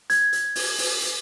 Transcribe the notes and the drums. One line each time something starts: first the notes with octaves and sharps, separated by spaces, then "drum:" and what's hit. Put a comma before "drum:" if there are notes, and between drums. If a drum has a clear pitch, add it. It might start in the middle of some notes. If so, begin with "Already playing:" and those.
G#6, drum: hi-hat
drum: hi-hat
drum: open hi-hat
drum: open hi-hat
drum: hi-hat